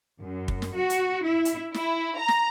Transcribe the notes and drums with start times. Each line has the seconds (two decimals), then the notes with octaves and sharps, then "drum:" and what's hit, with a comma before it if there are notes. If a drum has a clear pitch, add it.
0.20 F#2
0.48 drum: kick
0.62 drum: snare
0.76 F#4
0.90 drum: hi-hat
1.25 E4
1.45 drum: hi-hat
1.74 E4, drum: snare
2.18 A#5
2.28 drum: snare